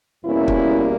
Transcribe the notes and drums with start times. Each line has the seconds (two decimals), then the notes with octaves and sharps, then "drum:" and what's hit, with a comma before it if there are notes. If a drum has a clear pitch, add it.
0.25 E2 B2 G3 A#3 C#4 E4
0.48 drum: kick